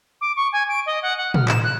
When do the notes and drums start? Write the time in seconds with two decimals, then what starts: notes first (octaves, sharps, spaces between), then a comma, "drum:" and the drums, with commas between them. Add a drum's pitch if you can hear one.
0.21 D6
0.36 C#6
0.52 G#5
0.69 D7
0.86 D#5
1.02 F#5
1.18 F#5
1.34 F6, drum: tom
1.48 E7, drum: clap
1.64 F#6